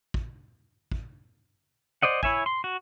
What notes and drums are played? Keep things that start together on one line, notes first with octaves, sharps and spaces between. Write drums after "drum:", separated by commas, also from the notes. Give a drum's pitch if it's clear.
drum: kick
drum: kick
C5 D5 D#5 F#5
E4 C#5 E5 G#5, drum: kick
C6
F#4